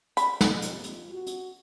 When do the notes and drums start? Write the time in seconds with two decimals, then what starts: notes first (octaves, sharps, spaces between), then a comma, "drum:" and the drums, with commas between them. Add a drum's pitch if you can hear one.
0.17 B5, drum: hi-hat
0.41 drum: snare
0.62 F2 F4 G4, drum: hi-hat
0.84 drum: hi-hat
1.11 F#4
1.26 drum: hi-hat